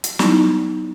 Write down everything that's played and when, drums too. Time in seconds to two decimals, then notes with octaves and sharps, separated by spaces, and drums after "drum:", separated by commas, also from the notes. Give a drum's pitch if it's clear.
0.04 drum: hi-hat
0.19 F#3 G3 B3 D#4 E4, drum: snare